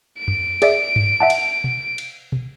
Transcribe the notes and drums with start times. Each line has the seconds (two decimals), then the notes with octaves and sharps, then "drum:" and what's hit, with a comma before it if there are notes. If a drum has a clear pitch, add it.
0.18 D7
0.28 drum: tom F2
0.62 G#4 D5 E5, drum: cymbal
0.96 drum: tom G2
1.20 E5 F#5 A5
1.30 drum: cymbal
1.64 drum: tom
1.98 drum: cymbal
2.32 drum: tom